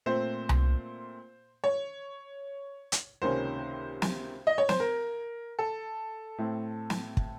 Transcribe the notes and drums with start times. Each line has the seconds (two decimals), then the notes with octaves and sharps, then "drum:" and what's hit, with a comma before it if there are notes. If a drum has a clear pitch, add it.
0.06 A#2 A3 C4 C5
0.49 drum: tom C2
1.64 C#5
2.92 drum: hi-hat
3.22 C#2 C3 D#3 A#3 C#4 C5
4.02 drum: snare
4.47 D#5
4.58 C#5
4.69 C5, drum: snare
4.80 A#4
5.59 A4
6.38 A2 A3 C4
6.90 drum: snare
7.17 drum: kick